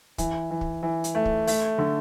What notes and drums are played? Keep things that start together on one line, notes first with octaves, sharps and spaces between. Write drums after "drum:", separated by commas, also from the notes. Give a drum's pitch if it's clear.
E3, drum: kick, hi-hat
E3
drum: kick
E3
drum: hi-hat
A3
drum: kick
A3, drum: open hi-hat
D3